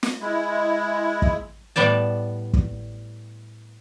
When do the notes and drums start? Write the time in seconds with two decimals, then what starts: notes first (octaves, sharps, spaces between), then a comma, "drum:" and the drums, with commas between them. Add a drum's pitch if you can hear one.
0.03 drum: snare
0.21 G#3 E4
1.22 drum: kick
1.76 A2 G3 B3 D5 A5
2.53 drum: kick